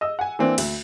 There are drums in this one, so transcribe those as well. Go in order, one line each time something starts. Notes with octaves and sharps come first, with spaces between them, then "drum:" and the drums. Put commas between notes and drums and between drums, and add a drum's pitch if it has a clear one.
D#5 E6
F#5 G#5
E3 A#3 C4 D4
D2, drum: cymbal